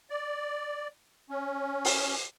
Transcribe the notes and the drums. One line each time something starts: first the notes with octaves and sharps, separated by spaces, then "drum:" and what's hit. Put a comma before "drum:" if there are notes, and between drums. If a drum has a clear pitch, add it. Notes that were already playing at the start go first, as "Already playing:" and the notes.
D5
C#4
drum: open hi-hat